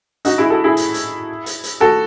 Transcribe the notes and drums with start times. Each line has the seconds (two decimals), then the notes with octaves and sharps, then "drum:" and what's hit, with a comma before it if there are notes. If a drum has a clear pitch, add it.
0.25 D#4 F#4, drum: hi-hat
0.38 E4 G#4
0.50 F#4 A4
0.64 E4 G#4
0.77 drum: hi-hat
0.94 drum: hi-hat
1.46 drum: hi-hat
1.64 drum: hi-hat
1.80 F#4 A4